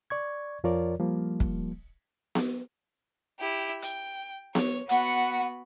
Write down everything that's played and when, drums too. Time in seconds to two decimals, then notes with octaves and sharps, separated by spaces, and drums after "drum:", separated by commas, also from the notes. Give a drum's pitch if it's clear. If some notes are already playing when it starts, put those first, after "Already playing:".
0.10 D5 C#6 G#6
0.64 F2 F3 F4 A#4 C#5 D5
1.00 F3 G3 A#3
1.40 drum: kick
2.35 drum: snare B3
3.40 E4 G4
3.82 G5, drum: hi-hat
4.55 C#5, drum: snare B3
4.89 B3 F#4 F#5 B5, drum: hi-hat